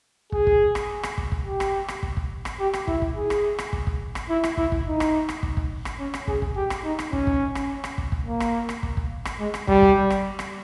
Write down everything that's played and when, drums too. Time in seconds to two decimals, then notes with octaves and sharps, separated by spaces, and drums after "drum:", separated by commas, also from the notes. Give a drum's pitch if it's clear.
0.32 G#4, drum: kick
0.47 drum: kick
0.75 drum: rim click
1.03 drum: rim click
1.18 drum: kick
1.32 drum: kick
1.46 G4
1.60 drum: rim click
1.88 drum: rim click
2.03 drum: kick
2.17 drum: kick
2.45 drum: rim click
2.60 G4
2.73 drum: rim click
2.87 E4, drum: kick
3.02 drum: kick
3.16 G#4
3.30 drum: rim click
3.59 drum: rim click
3.73 drum: kick
3.87 drum: kick
4.15 drum: rim click
4.29 E4
4.44 drum: rim click
4.57 E4, drum: kick
4.72 drum: kick
4.86 D#4
5.00 drum: rim click
5.29 drum: rim click
5.43 drum: kick
5.57 drum: kick
5.85 drum: rim click
6.00 C#4
6.14 drum: rim click
6.27 G#4, drum: kick
6.42 drum: kick
6.56 G4
6.70 drum: rim click
6.84 D#4
6.99 drum: rim click
7.13 C#4, drum: kick
7.27 drum: kick
7.55 drum: rim click
7.84 drum: rim click
7.98 drum: kick
8.12 drum: kick
8.26 A#3
8.40 drum: rim click
8.69 drum: rim click
8.83 drum: kick
8.97 drum: kick
9.25 drum: rim click
9.40 G#3
9.54 drum: rim click
9.68 G3, drum: kick
9.82 drum: kick
10.10 drum: rim click
10.39 drum: rim click